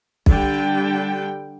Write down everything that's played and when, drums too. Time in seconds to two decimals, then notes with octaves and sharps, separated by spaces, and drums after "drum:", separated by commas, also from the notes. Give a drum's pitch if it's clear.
0.26 D3 G3 G5, drum: kick